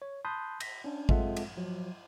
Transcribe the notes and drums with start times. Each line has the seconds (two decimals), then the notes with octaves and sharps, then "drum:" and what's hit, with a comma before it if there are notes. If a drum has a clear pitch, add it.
0.02 C#5
0.25 A5 B5 C6 D#6 F#6 G6
0.60 A#6 B6, drum: cymbal
0.84 C#4 D4
1.09 G#3 C4 F4 A4 E5 F#5, drum: kick A1
1.36 drum: cymbal
1.57 F3 F#3